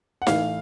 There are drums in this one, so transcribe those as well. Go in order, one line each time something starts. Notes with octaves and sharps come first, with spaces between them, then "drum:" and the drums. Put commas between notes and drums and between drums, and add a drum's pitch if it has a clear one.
F#5
A2 E3 F5, drum: snare D#4